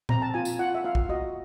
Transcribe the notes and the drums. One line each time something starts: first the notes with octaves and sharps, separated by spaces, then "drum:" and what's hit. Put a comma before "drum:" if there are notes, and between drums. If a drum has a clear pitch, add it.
C4 A#5, drum: tom A#2
A5
F4 G#5
drum: tambourine
F4 F#5
E5
F4 F5
drum: kick
F#4 D#5